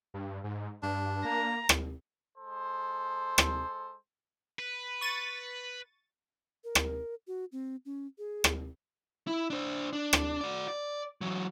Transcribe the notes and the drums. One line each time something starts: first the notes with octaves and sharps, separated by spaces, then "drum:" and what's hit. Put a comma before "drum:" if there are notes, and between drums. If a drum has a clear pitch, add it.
G2
G#2
G2 D4
A#3 A#5
drum: rim click
G#3 A4 C5
drum: rim click
B4
C#6 A6 D#7
A#4
drum: rim click
F#4
C4
C#4
G#4
drum: rim click
E4
D4 C5
D4
drum: rim click
F#4 D5
D5
E3 F#3